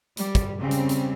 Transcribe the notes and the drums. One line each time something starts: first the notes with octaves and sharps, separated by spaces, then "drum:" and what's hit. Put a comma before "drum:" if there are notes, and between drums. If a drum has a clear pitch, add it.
G3, drum: hi-hat
drum: kick, hi-hat
C#3 G3 C4
drum: hi-hat
drum: hi-hat